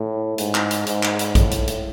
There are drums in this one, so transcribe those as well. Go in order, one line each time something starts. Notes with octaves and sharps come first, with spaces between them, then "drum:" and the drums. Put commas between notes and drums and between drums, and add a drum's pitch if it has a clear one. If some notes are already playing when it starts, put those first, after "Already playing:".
Already playing: A2
G#2, drum: hi-hat
drum: clap
drum: hi-hat
G#2, drum: hi-hat
drum: clap
drum: hi-hat
A2, drum: kick, hi-hat
drum: hi-hat
drum: hi-hat